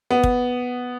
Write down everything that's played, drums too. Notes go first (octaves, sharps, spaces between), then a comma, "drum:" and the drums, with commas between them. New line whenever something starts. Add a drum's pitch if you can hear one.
B3
drum: kick